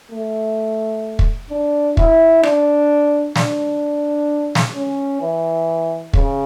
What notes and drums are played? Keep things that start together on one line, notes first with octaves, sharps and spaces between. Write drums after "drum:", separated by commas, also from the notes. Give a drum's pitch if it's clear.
A3
drum: kick
D4
E4, drum: kick
D4, drum: rim click
D4, drum: snare
drum: snare
C#4
E3
C#3, drum: kick